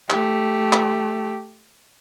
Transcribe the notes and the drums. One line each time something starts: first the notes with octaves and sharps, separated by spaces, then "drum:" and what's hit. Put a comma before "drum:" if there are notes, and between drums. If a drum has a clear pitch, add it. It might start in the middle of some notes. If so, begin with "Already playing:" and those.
A3 G4, drum: clap
drum: clap